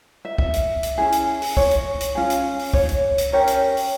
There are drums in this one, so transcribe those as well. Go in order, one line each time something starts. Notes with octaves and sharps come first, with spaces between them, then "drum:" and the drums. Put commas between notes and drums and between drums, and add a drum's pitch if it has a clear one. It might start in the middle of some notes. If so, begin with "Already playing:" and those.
E5
E5, drum: kick
drum: hi-hat
drum: hi-hat
C#4 E4 G#4
drum: hi-hat
drum: open hi-hat
C#5, drum: kick
drum: hi-hat
drum: hi-hat
C#4 F4 G#4
drum: hi-hat
drum: open hi-hat
C#5, drum: kick
drum: hi-hat
drum: hi-hat
C#4 G4 A#4 C#5
drum: hi-hat
drum: open hi-hat